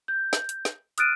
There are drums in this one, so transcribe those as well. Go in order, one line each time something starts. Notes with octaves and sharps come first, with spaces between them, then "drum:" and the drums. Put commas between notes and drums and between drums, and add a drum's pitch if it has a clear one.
G6
drum: snare
drum: hi-hat
drum: snare
D#6 F6 F#6 A6 D7 D#7, drum: hi-hat